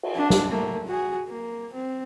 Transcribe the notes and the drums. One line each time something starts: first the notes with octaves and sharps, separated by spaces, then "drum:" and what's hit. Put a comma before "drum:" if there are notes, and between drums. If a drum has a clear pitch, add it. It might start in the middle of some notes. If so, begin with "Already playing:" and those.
drum: cymbal
D4
drum: snare
A3 A#3
F#4 G#4
A#3
C4